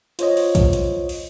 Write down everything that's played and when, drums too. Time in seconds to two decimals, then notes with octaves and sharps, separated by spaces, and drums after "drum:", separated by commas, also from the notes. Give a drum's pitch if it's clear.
0.19 F4 C5 C#5 D#5, drum: hi-hat
0.37 drum: open hi-hat
0.55 drum: kick, hi-hat
0.73 drum: hi-hat
1.09 drum: open hi-hat